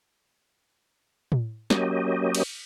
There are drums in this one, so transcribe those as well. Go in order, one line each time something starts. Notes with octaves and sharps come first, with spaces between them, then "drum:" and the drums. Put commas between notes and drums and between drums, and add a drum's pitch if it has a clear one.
drum: tom A2
F#3 A#3 C#4 G4 D#5, drum: snare
drum: cymbal